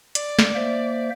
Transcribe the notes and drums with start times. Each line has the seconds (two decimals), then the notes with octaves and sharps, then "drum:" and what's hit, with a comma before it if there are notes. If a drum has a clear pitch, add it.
0.15 D5, drum: hi-hat
0.39 drum: snare
0.55 A#3 C5 E5